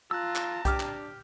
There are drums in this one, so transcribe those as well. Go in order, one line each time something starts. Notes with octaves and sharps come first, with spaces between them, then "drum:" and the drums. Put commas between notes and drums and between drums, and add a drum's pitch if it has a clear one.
F4 A5 A#5 E6 F#6
drum: clap
D4 G4 D6 F6, drum: kick B1, hi-hat
drum: clap